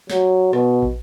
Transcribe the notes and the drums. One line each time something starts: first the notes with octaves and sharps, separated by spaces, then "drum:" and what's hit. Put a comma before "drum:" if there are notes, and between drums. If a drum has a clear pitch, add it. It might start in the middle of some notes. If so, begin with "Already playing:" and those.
F#3, drum: snare
B2, drum: rim click
drum: kick